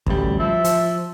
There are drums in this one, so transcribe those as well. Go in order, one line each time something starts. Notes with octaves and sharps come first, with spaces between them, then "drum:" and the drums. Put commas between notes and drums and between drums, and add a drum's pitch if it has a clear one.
A1 D2 G3, drum: kick
F3 E5
F3, drum: hi-hat